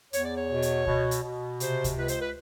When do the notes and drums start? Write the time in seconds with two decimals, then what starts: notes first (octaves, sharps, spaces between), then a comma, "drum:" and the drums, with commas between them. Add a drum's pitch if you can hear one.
0.13 E2 C#5, drum: hi-hat
0.24 D5
0.35 C#5
0.50 B2
0.62 drum: hi-hat
0.87 B2, drum: kick C#2
1.11 drum: hi-hat
1.23 B2
1.60 C3 C5, drum: hi-hat
1.84 drum: kick C#2, hi-hat
1.96 C#2 B4
2.08 C5, drum: hi-hat
2.20 B4